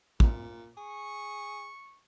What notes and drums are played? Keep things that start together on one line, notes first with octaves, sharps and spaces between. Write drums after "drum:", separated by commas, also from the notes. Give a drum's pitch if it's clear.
A#2, drum: kick
G#4 C#6